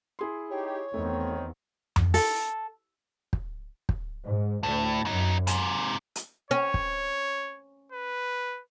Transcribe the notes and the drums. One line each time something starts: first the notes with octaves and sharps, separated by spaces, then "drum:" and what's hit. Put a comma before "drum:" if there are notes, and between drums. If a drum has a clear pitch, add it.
E4 G#4 C6
D#4 G4 C#5
E2 D#3 A3 C4
drum: tom F2
A4, drum: open hi-hat
drum: kick
drum: kick
G#2
D2 A2
F#2 F#3 D#4
G#2 C3, drum: hi-hat
drum: hi-hat
C#4 C#5
drum: kick
B4